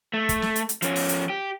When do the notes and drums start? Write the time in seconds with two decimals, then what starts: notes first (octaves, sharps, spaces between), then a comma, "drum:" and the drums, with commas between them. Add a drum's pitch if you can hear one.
0.14 A3
0.29 drum: kick, hi-hat
0.42 drum: snare
0.56 drum: hi-hat
0.69 drum: hi-hat
0.82 F3 C#4, drum: hi-hat
0.96 drum: open hi-hat
1.09 drum: hi-hat
1.30 G4